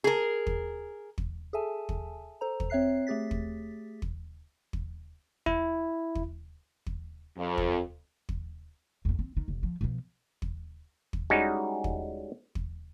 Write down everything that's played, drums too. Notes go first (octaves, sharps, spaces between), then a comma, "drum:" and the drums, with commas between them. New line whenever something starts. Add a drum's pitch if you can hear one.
G#4 A#4
drum: kick
drum: kick
G#4 A4 E5 G#5 A5
drum: kick
A4 C5 A#5
drum: kick
C4 C#5 E5 F#6 C7
A3 G4 G#4 A6 B6
drum: kick
drum: kick
drum: kick
E4, drum: kick
drum: kick
drum: kick
F2
drum: kick
drum: kick
F2 C4
C4
D#3
F1
F3
B2 F3
drum: kick
drum: kick
G3 G#3 C#4 D#4 E4 F#4
drum: kick
drum: kick